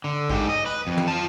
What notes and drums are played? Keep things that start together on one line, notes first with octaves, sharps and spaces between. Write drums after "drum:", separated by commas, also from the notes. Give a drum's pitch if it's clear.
D3
G#2 G4, drum: kick A1
D#5
B4
F2
drum: tom
F4 A5